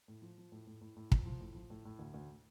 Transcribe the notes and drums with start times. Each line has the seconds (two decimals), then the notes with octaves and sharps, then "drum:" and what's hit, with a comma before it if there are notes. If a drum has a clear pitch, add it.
0.08 A2
0.22 F3
0.38 F3
0.52 A2
0.67 A2
0.81 A2
0.96 A2
1.12 F3, drum: kick
1.26 F3
1.41 A2
1.55 F3
1.70 A2
1.85 A2
1.99 D2
2.14 D2